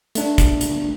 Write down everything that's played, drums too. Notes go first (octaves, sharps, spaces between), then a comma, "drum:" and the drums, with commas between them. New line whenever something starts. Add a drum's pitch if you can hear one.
A3 D4, drum: hi-hat
drum: kick, hi-hat
drum: hi-hat